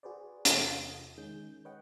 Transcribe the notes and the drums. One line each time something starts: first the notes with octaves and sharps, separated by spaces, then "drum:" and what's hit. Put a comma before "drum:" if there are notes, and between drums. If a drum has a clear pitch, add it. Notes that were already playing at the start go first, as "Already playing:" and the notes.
F#4 G#4 B4 C5 D5
E2 C3 F4 D#6, drum: hi-hat
D#3 G#3 C#4 G6
B4 C#5 D#5 F#5 G5